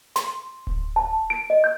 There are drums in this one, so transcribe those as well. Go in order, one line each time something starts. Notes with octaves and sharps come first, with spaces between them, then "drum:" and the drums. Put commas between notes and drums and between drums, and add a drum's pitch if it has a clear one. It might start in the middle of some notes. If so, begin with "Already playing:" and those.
C6, drum: snare
drum: kick D1
A5
D7
D#5
G6